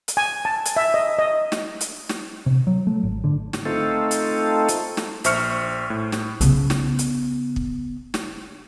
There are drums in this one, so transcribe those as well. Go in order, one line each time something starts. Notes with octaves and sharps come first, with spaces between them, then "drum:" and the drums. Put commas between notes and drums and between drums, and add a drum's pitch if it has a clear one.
drum: hi-hat
G#5
A5
drum: hi-hat
E5
D#5
D#5
drum: snare
drum: hi-hat
drum: snare
C3
F#3
A3
G#1
D3
drum: snare
A3 C4 D#4 F4 A4
drum: hi-hat
drum: hi-hat
drum: snare
A#1 C5 E5 C#6 F6 C#7, drum: hi-hat
A2
drum: snare
C#3 B3, drum: hi-hat
drum: snare
drum: hi-hat
drum: kick
drum: snare